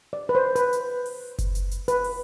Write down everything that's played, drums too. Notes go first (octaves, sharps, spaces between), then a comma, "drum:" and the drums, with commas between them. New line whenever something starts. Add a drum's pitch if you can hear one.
D5
B4
C5
B4, drum: hi-hat
drum: hi-hat
drum: open hi-hat
drum: kick F#1, hi-hat
drum: hi-hat
drum: hi-hat
B4, drum: hi-hat
drum: open hi-hat